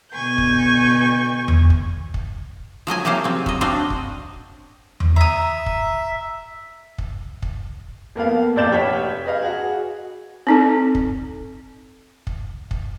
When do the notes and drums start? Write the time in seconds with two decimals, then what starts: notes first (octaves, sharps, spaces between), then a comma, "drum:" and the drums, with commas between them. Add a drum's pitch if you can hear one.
0.12 B2 D3 G#5 C#6 G6
0.38 drum: kick
1.48 drum: tom E2
1.70 drum: kick
2.14 drum: kick
2.87 F3 F#3 D#5 G#5
3.05 C3 F#3 A#3 G4 F5
3.24 C#3 C4
3.46 F#3 D#5, drum: kick
3.61 C4 D4 F#4 D#5 F5
3.90 drum: kick
5.00 drum: tom E2
5.16 E5 A#5 D#6
5.66 drum: kick
6.98 drum: kick
7.42 drum: kick
8.16 F2 A#3 B3 F5
8.56 A#1 F2 D5 G6 E7
8.71 F1 G4 C#5 F#5 G5 B6
9.25 G#4 B4 D#5 F5
9.42 F#4 G#4
10.47 C4 D#4 A4
10.95 drum: kick
12.27 drum: kick
12.71 drum: kick